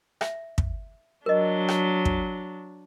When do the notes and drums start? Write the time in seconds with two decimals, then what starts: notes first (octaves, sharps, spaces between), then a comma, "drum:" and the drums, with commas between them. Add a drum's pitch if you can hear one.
0.21 E5, drum: rim click
0.58 drum: kick
1.26 F#3 D4 A#4 D#5
1.68 drum: rim click
2.05 drum: kick